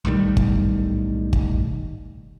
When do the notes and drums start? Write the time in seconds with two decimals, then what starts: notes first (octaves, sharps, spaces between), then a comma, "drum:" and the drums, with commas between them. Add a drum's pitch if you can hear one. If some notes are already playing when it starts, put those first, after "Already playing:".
0.05 B1 A2 D#3 G3
0.37 drum: kick G1
1.33 drum: kick G1